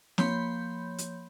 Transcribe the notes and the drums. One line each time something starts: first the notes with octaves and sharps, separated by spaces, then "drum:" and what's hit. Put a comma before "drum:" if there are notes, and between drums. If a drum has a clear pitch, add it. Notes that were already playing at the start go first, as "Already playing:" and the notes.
F3 A#3 C#5 B5 C6 G6, drum: snare
drum: hi-hat